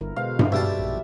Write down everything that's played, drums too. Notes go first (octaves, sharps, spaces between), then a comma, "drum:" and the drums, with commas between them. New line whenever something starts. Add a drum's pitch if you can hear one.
G1 D3 E4 A#4
B2 G#3 B4 C5 F5
drum: tom G2
B1 F#3 G3 G4 E5 A5
A#1